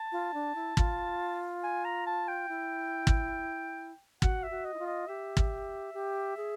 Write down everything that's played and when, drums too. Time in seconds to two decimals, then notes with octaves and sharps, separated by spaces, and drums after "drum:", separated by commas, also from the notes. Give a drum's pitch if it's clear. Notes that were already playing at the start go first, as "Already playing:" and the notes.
Already playing: A5
0.12 F4
0.34 D4
0.55 E4
0.77 F4, drum: kick
1.63 G#5
1.85 A#5
2.06 A5
2.28 G5
2.49 E4
3.07 drum: kick
4.22 F#4 F#5, drum: kick
4.43 E5
4.51 F#4
4.65 D#5
4.74 E4
4.79 F4
4.87 D#5
5.08 G4 E5
5.37 drum: kick
5.94 G4
6.37 G#4